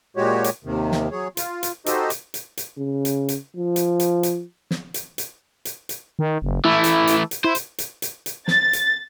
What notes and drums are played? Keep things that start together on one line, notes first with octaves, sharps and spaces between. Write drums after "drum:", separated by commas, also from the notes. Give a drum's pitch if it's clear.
A#2 G#3 F#4 G4 C#5
drum: hi-hat
D#2 C3 D#3
drum: snare
F#3 G#4 C#5
F4, drum: hi-hat
drum: hi-hat
D#4 F#4 G4 A4 C5 D#5, drum: hi-hat
drum: hi-hat
drum: hi-hat
drum: hi-hat
C#3
drum: hi-hat
drum: hi-hat
F3
drum: hi-hat
drum: hi-hat
drum: hi-hat
drum: snare
drum: hi-hat
drum: hi-hat
drum: hi-hat
drum: hi-hat
D#3
F#1
E3 A3 E4
drum: hi-hat
drum: hi-hat
drum: hi-hat
E4 C5
drum: hi-hat
drum: hi-hat
drum: hi-hat
drum: hi-hat
A6, drum: snare
drum: hi-hat